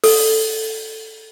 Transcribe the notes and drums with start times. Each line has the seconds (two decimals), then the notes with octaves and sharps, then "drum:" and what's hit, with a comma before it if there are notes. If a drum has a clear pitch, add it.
0.04 A4, drum: open hi-hat